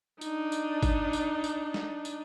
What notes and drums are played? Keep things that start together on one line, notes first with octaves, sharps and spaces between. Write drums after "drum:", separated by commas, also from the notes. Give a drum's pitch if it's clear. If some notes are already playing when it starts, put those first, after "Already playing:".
D4 D#4, drum: tambourine
drum: tambourine
drum: kick G#1, tambourine
drum: tambourine
drum: tambourine
drum: snare
drum: tambourine